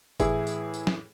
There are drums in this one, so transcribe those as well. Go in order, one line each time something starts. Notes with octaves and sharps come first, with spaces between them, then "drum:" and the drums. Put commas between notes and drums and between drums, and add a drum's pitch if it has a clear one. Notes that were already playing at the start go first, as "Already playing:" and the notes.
A2 E3 E4 G#4, drum: kick, tambourine
drum: tambourine
drum: tambourine
drum: snare